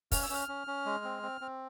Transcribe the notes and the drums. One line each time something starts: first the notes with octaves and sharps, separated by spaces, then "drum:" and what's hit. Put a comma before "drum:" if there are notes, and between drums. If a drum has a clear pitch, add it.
C#4 F6, drum: kick, open hi-hat
E6
C#4 F6
C#4
C#4
G#3
C4
C4
C4